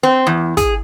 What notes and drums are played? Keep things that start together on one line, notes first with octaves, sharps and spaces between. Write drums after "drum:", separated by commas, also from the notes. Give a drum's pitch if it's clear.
C4
E2
G#4, drum: kick, hi-hat